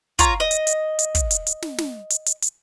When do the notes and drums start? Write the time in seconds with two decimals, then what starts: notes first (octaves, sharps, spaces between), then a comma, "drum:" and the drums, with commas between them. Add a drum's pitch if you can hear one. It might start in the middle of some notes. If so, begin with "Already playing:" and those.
0.19 F4 C#5 A#5, drum: kick, hi-hat
0.40 D#5
0.51 drum: hi-hat
0.67 drum: hi-hat
0.99 drum: hi-hat
1.15 drum: kick, hi-hat
1.31 drum: hi-hat
1.47 drum: hi-hat
1.62 drum: snare
1.78 drum: snare
2.10 drum: hi-hat
2.26 drum: hi-hat
2.42 drum: hi-hat